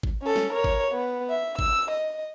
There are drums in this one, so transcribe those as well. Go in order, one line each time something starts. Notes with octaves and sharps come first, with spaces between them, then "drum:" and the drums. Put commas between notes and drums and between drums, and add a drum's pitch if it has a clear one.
drum: kick G#1
C#4 A4
drum: snare
A#4 C#5
drum: kick G#1
B3
E5
E6, drum: kick G#1
D#5